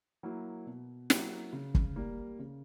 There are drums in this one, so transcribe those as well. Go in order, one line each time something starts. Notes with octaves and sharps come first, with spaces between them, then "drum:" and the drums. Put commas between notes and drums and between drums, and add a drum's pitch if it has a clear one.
F#3 A#3 E4
B2
F#3 A#3 E4, drum: snare
C#3
drum: kick
G3 A#3
C#3